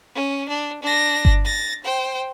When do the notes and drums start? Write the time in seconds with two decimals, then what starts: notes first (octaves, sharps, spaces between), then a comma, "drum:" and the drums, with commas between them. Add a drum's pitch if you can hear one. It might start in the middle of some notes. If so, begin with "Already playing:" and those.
0.15 C#4
0.49 D4
0.82 D4 A#6
1.25 drum: kick G1
1.45 A6 A#6
1.84 C5 G5